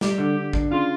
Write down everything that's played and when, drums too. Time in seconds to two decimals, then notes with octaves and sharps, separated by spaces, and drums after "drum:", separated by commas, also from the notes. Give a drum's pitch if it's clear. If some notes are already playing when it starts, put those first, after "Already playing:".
0.01 G3 G4, drum: snare
0.18 D3
0.36 D3
0.53 D4, drum: kick
0.70 C#3 F4